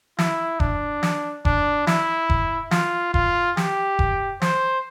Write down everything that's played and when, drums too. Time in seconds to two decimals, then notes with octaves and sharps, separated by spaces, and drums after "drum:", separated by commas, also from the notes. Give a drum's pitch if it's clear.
0.19 E4, drum: snare
0.60 D4, drum: kick F1
1.03 drum: snare
1.45 D4, drum: kick F1
1.87 E4, drum: snare
2.30 drum: kick F1
2.71 F4, drum: snare
3.14 F4, drum: kick F1
3.57 G4, drum: snare
3.99 drum: kick F1
4.42 C5, drum: snare